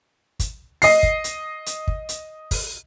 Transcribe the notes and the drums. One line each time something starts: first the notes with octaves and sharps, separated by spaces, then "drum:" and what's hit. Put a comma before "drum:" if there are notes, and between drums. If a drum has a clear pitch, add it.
drum: kick, hi-hat
D#5 C7, drum: open hi-hat
drum: kick
drum: hi-hat
drum: hi-hat
drum: kick
drum: hi-hat
drum: kick, open hi-hat